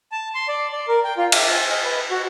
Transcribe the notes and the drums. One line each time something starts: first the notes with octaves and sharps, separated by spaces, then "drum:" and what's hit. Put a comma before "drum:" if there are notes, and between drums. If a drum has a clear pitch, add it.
A5
C6
D5
D5
A#4
G5
F4
D6, drum: cymbal
G#5
D#5
B4
F#4